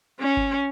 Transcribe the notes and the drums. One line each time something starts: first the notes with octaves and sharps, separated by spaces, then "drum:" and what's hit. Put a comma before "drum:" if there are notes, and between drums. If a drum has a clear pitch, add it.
C#4
drum: kick G1